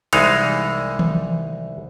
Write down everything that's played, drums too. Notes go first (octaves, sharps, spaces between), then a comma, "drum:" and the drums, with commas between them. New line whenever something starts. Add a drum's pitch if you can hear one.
C2 E3 G#3 D#4 F5, drum: cymbal
drum: tom D#3